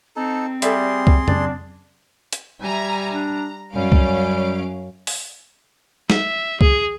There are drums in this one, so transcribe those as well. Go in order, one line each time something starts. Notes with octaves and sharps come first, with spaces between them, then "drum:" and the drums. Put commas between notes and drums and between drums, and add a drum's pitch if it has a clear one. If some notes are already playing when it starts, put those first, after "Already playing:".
C4 D#4 A4
G3 G#4 A4 D5 E5 C6, drum: hi-hat
drum: kick C2
D4 D5, drum: tom
drum: hi-hat
G3 E5 G#5 A#5
D4 A#5
F#2 G3 C#4 F5 D7
drum: kick C2
drum: open hi-hat
E5, drum: snare
G#4, drum: kick C2